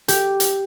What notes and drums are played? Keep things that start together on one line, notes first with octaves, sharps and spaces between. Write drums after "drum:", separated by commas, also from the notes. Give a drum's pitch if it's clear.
G4, drum: hi-hat
drum: hi-hat